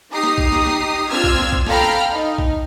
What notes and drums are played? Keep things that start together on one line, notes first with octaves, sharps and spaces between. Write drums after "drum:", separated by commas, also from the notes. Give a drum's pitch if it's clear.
D#4 G4 A#5 D#6 C7
drum: snare
drum: kick
drum: snare
drum: snare
C4 D4 F4 E6 F6 G#6
drum: kick
drum: snare
drum: kick
A4 F5 G5 A#5 B5 F6, drum: snare
drum: snare
D#4
drum: kick